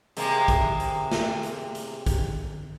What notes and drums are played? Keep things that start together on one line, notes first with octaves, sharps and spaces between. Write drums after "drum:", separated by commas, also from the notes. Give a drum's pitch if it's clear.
C3 G#3 A#3, drum: hi-hat
drum: kick, hi-hat
drum: hi-hat
drum: snare
drum: hi-hat
drum: hi-hat
drum: kick, hi-hat